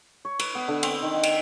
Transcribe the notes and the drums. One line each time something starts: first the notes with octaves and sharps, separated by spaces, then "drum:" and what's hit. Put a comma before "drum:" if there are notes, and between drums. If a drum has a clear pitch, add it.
C#5
B4, drum: cymbal
B3
D3
C4, drum: cymbal
D#3
F#5
drum: cymbal